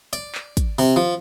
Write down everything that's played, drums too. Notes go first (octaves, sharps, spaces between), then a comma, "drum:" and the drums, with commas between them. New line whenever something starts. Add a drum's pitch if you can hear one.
D5, drum: hi-hat
drum: clap
drum: kick, hi-hat
C3, drum: open hi-hat
F3